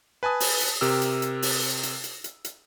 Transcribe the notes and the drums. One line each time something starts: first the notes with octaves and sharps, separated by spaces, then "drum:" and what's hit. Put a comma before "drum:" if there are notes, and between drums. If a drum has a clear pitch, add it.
B4 G#5 A5 D#6
drum: open hi-hat
drum: hi-hat
C3 G4 A#4 E6
drum: hi-hat
drum: hi-hat
drum: open hi-hat
drum: hi-hat
drum: hi-hat
drum: hi-hat
drum: hi-hat